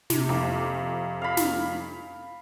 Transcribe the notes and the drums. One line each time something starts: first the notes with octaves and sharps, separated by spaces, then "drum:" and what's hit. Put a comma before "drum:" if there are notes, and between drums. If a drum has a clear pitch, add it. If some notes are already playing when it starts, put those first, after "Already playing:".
C3, drum: snare
F2 A#3
F5 B5
drum: snare